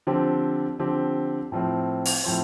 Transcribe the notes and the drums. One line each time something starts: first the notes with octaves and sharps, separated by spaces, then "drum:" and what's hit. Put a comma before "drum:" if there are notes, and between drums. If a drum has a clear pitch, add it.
D3 F3 C4 G4
D3 F3 C4 G4
A2 F3 C4
drum: open hi-hat
A2 F3 C4